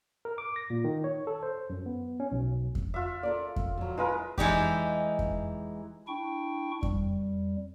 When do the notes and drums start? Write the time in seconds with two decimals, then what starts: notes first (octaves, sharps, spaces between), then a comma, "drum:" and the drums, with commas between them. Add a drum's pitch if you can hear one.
0.25 A#4
0.38 D6
0.56 A#6
0.70 A#2
0.84 D#3
1.04 C#5
1.27 A4
1.43 C5
1.70 F#2
1.86 B3
2.20 C#4
2.32 B1
2.75 drum: kick F2
2.94 F4 E5
3.23 A4 A#4 D5
3.56 drum: kick F2
3.78 F2 F#3
3.98 G#3 E4 F4 A#4 B4
4.38 E3 G#3 D#4 G4, drum: kick F2
5.19 drum: kick F2
6.08 D4 E4 G5 C#6
6.83 F2 G3, drum: kick F2